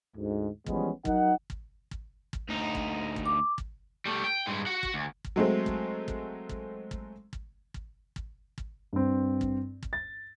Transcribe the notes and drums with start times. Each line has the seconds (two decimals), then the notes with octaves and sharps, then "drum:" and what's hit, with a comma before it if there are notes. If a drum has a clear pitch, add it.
0.16 D2 G#2
0.66 E3 F3 G3 G#3 B3 C#4, drum: kick
1.05 F#3 D#4 A#4 F#5, drum: kick
1.50 drum: kick
1.91 drum: kick
2.33 drum: kick
2.49 D2 D#4
2.75 drum: kick
3.16 drum: kick
3.26 D6
3.58 drum: kick
4.06 G3 A3
4.24 G5
4.47 G2 G#3
4.66 F#4 F#5
4.83 drum: kick
4.94 D2
5.24 drum: kick
5.36 F#3 G#3 A3 C4
5.66 drum: kick
6.08 drum: kick
6.49 drum: kick
6.91 drum: kick
7.33 drum: kick
7.74 drum: kick
8.16 drum: kick
8.58 drum: kick
8.93 G2 C4
9.41 drum: kick
9.83 drum: kick
9.93 A6